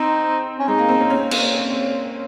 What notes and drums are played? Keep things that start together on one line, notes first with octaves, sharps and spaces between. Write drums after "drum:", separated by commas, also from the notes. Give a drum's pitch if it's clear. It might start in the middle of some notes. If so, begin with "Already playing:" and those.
Already playing: C4 D#4
C#4
G#3 D#4
A#3
C4
C#4
C#4
A#3, drum: cymbal